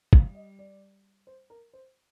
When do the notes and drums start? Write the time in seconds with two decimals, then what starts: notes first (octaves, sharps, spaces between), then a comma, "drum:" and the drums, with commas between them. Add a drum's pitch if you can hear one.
0.13 F5, drum: kick
0.24 G3
0.35 D#5
0.59 D5
1.27 C5
1.50 A#4
1.73 C5